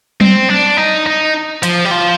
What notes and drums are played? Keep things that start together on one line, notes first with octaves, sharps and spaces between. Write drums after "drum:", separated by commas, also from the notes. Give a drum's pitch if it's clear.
C4, drum: tom F#3
D4
D#4
D#4
F3, drum: hi-hat
G3
F3